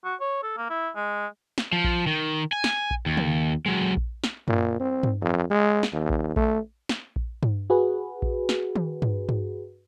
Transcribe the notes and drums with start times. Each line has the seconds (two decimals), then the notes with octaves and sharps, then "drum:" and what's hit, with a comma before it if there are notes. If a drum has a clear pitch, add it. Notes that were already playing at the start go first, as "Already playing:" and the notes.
0.05 F#4
0.20 C#5
0.43 A4
0.57 A#3
0.70 E4
0.96 G#3
1.58 drum: snare
1.72 F3
1.84 drum: kick A#1
2.07 D#3
2.53 G#5
2.64 drum: snare
2.91 drum: kick A#1
3.06 D#2
3.17 drum: tom C#3
3.66 F#3 G#3
3.97 drum: kick A#1
4.24 drum: snare
4.48 A#2, drum: tom F#2
4.80 C4
5.03 drum: tom G2
5.22 F2
5.51 G#3
5.83 drum: snare
5.92 D#2
6.10 drum: kick A#1
6.36 A3, drum: kick A#1
6.89 drum: snare
7.16 drum: kick A#1
7.43 drum: tom G2
7.70 F#4 G#4 B4
8.22 drum: kick A#1
8.49 drum: snare
8.76 drum: tom D#3
9.02 drum: tom G2
9.29 drum: tom G2